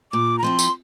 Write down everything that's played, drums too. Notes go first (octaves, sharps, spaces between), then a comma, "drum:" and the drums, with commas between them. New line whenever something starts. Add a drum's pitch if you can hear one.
A#2 D6
A#5
F3 C4 E4 C6
drum: tambourine